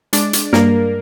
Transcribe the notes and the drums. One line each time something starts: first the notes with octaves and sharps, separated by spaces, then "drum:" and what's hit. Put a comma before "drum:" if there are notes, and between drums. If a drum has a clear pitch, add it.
G#3 D4 D5, drum: hi-hat
drum: hi-hat
G2 A#3 A#4, drum: snare